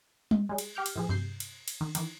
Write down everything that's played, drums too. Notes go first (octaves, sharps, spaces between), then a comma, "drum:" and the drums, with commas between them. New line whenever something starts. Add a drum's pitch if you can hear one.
drum: tom G3
G3 G#3
drum: cymbal
G4 D6 F6 G6
drum: cymbal
A2 F3 G#4
G2 C3 G6 C7
drum: cymbal
drum: cymbal
D#3
D#3 E3, drum: cymbal